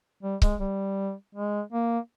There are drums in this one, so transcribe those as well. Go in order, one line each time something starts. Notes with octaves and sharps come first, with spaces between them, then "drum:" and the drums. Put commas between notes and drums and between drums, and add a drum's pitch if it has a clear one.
G3
G#3, drum: kick C#1
G3
G#3
A#3